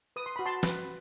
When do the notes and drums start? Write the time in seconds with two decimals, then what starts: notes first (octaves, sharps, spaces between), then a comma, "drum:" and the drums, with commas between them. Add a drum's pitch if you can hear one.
0.16 B4 D#6
0.26 C6
0.36 F#4 B5
0.46 A5 C6
0.63 B4, drum: snare